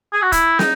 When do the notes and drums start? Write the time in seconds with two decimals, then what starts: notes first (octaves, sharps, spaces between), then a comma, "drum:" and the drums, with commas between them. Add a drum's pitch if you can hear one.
0.13 G#4
0.22 F#4
0.32 E4, drum: kick D#1, hi-hat
0.59 D#4, drum: snare